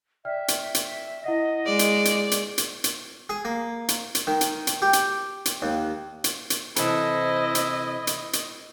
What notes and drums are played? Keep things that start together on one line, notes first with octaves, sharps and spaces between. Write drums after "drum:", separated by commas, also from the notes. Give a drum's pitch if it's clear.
D5 E5 G5 F6
drum: hi-hat
drum: hi-hat
E4 D#5 F#5 A#6
G#3 D5
drum: hi-hat
drum: hi-hat
drum: hi-hat
drum: hi-hat
drum: hi-hat
G#4
A#3
drum: hi-hat
drum: hi-hat
D#3
drum: hi-hat
drum: hi-hat
G4
drum: hi-hat
drum: hi-hat
D#2
drum: hi-hat
drum: hi-hat
C3 E3 E4 A4 C5 D#5, drum: hi-hat
drum: hi-hat
drum: hi-hat
drum: hi-hat